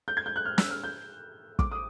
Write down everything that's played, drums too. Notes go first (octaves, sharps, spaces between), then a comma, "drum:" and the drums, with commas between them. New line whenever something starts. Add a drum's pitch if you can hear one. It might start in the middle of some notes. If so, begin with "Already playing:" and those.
G6
G#6
G6
F#6
F6
E6, drum: snare
F6
G6
D6, drum: kick
D#6